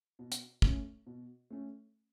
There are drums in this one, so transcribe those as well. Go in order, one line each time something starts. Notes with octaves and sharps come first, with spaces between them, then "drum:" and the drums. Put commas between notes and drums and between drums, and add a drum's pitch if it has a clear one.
B2
drum: hi-hat
A3 C#4, drum: kick
B2
A3 C#4